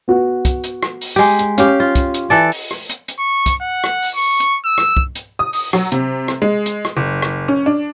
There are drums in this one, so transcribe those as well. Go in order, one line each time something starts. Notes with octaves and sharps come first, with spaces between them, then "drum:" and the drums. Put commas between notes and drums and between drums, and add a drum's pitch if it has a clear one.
B3 F#4
drum: kick, hi-hat
drum: hi-hat
drum: rim click
drum: open hi-hat
G#3 G4
drum: hi-hat
C#4 G4 F5, drum: hi-hat
F4
drum: kick, hi-hat
drum: hi-hat
E3 A4 D5
drum: open hi-hat
drum: rim click
drum: hi-hat
drum: hi-hat
C#6
drum: kick, hi-hat
F#5
drum: rim click
drum: open hi-hat
C#6
drum: hi-hat
E6
drum: rim click
drum: kick
drum: hi-hat
D#6
drum: open hi-hat
F#3, drum: rim click
C3, drum: hi-hat
drum: rim click
G#3
drum: hi-hat
drum: rim click
F#1
drum: rim click
C#4
D4